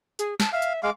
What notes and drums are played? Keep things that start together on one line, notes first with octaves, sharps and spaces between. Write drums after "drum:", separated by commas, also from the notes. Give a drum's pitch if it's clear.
G#4, drum: hi-hat
A5, drum: snare
E5 F5
drum: hi-hat
G#3 F5 D6